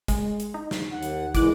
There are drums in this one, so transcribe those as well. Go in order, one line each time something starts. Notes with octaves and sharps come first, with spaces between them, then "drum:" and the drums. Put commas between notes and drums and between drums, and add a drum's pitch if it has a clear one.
G#3, drum: kick, hi-hat
drum: hi-hat
D#4
drum: snare
D#2 F#5
drum: hi-hat
A#2 E3 G#3 E4 D6 F#6, drum: kick, hi-hat